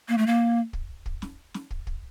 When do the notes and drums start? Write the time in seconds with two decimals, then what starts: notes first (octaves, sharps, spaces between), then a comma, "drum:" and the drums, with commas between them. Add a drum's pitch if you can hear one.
0.08 A#3
0.18 A3
0.27 A#3
0.73 drum: kick
1.06 drum: kick
1.22 drum: snare
1.54 drum: snare
1.71 drum: kick
1.87 drum: kick